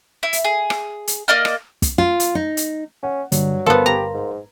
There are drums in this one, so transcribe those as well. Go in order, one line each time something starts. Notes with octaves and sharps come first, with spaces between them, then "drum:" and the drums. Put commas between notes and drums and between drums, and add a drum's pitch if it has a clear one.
E4
drum: hi-hat
G#4
drum: rim click
drum: hi-hat
A#3 D5 D#5 F6
drum: rim click
drum: kick, hi-hat
F4
drum: hi-hat
D#4
drum: hi-hat
C#4 F#5
G2 D3 F#3, drum: hi-hat
G1 B3 A4 A#4 C5 F5 C6
G4 A#5
G#2